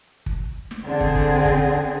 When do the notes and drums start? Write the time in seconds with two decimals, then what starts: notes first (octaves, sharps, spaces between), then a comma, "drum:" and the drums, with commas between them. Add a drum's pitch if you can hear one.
0.26 drum: kick
0.71 drum: snare
0.86 D3 C4 G#4
1.01 drum: kick
1.15 drum: kick
1.45 drum: kick